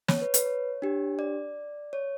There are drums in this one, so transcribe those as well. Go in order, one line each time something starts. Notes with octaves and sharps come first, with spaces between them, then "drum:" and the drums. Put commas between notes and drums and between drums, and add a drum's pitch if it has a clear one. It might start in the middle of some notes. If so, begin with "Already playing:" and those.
C#5, drum: snare
B4
B4, drum: hi-hat
C#5
D4 G4
D5
C#5